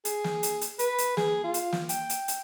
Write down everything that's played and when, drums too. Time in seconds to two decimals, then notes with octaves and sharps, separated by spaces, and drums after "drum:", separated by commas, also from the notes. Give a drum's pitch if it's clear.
0.05 G#4, drum: hi-hat
0.24 drum: snare
0.43 drum: hi-hat
0.61 drum: hi-hat
0.79 B4, drum: hi-hat
0.98 drum: hi-hat
1.17 G#4, drum: snare
1.44 F4
1.54 drum: hi-hat
1.72 drum: snare
1.89 G5, drum: hi-hat
2.09 drum: hi-hat
2.28 drum: hi-hat